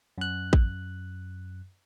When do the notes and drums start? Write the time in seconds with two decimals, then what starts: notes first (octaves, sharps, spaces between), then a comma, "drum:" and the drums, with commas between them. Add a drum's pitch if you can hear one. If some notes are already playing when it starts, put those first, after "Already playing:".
0.18 F#2 F#6
0.53 drum: kick A1